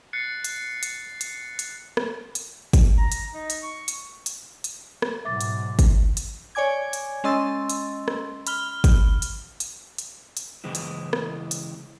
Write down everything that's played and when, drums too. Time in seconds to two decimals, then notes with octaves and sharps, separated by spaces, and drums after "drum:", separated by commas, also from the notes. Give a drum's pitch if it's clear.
0.13 F#6 A6 C7 C#7
0.44 drum: hi-hat
0.83 drum: hi-hat
1.21 drum: hi-hat
1.59 drum: hi-hat
1.97 drum: rim click
2.35 drum: hi-hat
2.73 drum: kick, hi-hat
2.98 A#5
3.12 drum: hi-hat
3.34 D#4
3.50 drum: hi-hat
3.63 C#6
3.88 drum: hi-hat
4.26 drum: hi-hat
4.64 drum: hi-hat
5.02 drum: rim click
5.25 G#2 B2 F#3 E5 D6 A6
5.41 drum: hi-hat
5.79 drum: kick, hi-hat
6.17 drum: hi-hat
6.55 C#5 D5 G#5 D6 G#6
6.93 drum: hi-hat
7.24 G#3 C#4 D#5 C6 E6 A6
7.70 drum: hi-hat
8.08 drum: rim click
8.47 B5 F6 G7, drum: hi-hat
8.84 drum: kick, hi-hat
9.22 drum: hi-hat
9.60 drum: hi-hat
9.98 drum: hi-hat
10.37 drum: hi-hat
10.64 C#3 E3 G#3 C4 E4
10.75 drum: hi-hat
11.13 drum: rim click
11.51 drum: hi-hat